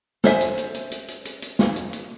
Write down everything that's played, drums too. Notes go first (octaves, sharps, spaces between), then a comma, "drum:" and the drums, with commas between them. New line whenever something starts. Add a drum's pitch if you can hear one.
A4 C5 E5 G#5, drum: snare
drum: hi-hat
drum: hi-hat
drum: hi-hat
drum: hi-hat
drum: hi-hat
drum: hi-hat
drum: hi-hat
drum: snare
drum: hi-hat
drum: hi-hat